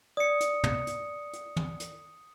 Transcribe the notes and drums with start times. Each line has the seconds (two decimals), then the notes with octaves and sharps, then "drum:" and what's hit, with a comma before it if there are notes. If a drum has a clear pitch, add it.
0.17 D5 D#6 C#7
0.40 drum: hi-hat
0.64 drum: tom
0.87 drum: hi-hat
1.33 drum: hi-hat
1.56 drum: tom
1.80 drum: hi-hat